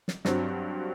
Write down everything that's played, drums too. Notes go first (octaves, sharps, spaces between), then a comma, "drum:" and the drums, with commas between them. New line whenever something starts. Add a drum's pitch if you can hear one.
drum: snare
G2 F#3 C4 F#4, drum: snare